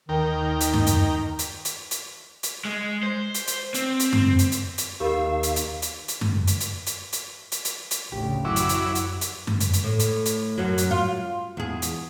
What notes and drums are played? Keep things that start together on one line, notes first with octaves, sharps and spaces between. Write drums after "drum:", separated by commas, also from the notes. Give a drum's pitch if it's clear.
D#2 D#3 A#4 G5
D#4
drum: hi-hat
drum: tom F#2
drum: hi-hat
drum: hi-hat
drum: hi-hat
drum: hi-hat
drum: hi-hat
G#3
C5
drum: hi-hat
drum: hi-hat
C4, drum: hi-hat
drum: hi-hat
drum: tom F#2
drum: hi-hat
drum: hi-hat
drum: hi-hat
D#2 D#4 G4 A#4 F5 B5 E6
drum: hi-hat
drum: hi-hat
drum: hi-hat
drum: hi-hat
drum: tom F#2
drum: hi-hat
drum: hi-hat
drum: hi-hat
drum: hi-hat
drum: hi-hat
drum: hi-hat
drum: hi-hat
A1 D2 C#3 G4
F#2 F#3 E4 D6
drum: hi-hat
drum: hi-hat
drum: hi-hat
drum: hi-hat
drum: tom F#2
drum: hi-hat
drum: hi-hat
A2
drum: hi-hat
drum: hi-hat
F#2 F#3
drum: hi-hat
F4
E2 G#4
drum: hi-hat